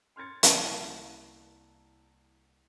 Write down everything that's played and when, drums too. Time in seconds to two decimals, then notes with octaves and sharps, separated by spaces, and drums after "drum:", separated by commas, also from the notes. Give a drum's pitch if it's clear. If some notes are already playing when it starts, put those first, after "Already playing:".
0.16 C6 F6 G#6 A6 C#7
0.43 C2 A#3 E4 F#5 A5 C7, drum: hi-hat